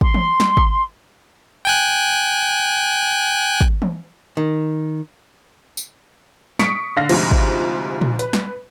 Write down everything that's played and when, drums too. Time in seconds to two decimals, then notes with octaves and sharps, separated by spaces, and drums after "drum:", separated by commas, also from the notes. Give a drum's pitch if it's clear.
0.01 C6, drum: kick
0.14 drum: tom E3
0.40 drum: snare
0.57 drum: kick
1.65 G5 G#5 F#6
3.61 drum: kick
3.82 drum: tom E3
4.37 D#3
5.77 drum: tambourine
6.59 C#6 D#6 B6 C#7 D7, drum: snare
6.96 D3 F5 A#6
7.09 D2 G#2 C3 F3, drum: cymbal
7.31 drum: kick
8.01 drum: tom A#2
8.19 B4, drum: hi-hat
8.33 drum: snare